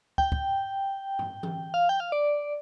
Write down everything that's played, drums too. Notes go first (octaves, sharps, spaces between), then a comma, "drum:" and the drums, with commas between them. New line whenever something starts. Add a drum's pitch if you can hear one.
G5, drum: kick
drum: kick
drum: tom G2
drum: tom E3
F5
G5
F5
D5